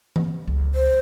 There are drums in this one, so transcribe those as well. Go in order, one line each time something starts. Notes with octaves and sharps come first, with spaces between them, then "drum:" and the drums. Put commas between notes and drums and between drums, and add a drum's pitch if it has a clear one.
drum: tom E3
C#2
C5